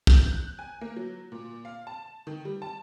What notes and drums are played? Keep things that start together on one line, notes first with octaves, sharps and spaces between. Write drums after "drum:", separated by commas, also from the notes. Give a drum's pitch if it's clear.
G6, drum: kick
F#6
G#5
A#3
F#3
A#2
F5
A5
D#3
G3
A5